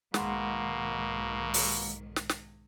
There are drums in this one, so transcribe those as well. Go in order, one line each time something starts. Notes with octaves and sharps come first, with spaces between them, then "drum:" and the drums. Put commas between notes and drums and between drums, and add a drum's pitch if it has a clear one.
B1 G#2 B2 D#3 G#3 A#3 F#5 C6, drum: snare
drum: open hi-hat
drum: snare
drum: snare